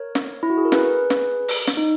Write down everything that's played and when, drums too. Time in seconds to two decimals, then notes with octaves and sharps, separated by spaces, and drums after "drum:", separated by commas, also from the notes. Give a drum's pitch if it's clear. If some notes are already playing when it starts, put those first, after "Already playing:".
Already playing: A#4 C#5
0.15 drum: snare
0.43 E4
0.50 F#4
0.57 G#4
0.65 A#4
0.72 G#4 B4, drum: snare
1.10 drum: snare
1.48 drum: open hi-hat
1.67 drum: snare
1.77 D#4